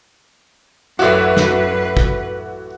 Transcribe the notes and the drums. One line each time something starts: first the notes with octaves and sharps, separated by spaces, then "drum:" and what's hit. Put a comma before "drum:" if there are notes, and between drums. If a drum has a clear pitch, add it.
A1 F#2 F#4 B4 C#5 D5 E5
drum: snare
drum: kick